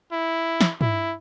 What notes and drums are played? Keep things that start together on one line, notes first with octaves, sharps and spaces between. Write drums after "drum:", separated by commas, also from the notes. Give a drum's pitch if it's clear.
E4
drum: snare
E4, drum: tom